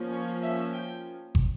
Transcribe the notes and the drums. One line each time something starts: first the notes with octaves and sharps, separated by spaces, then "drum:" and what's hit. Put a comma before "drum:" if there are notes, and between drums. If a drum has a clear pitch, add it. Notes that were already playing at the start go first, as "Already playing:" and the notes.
Already playing: F3 A#3 C#4
C#5
E5
G5
drum: kick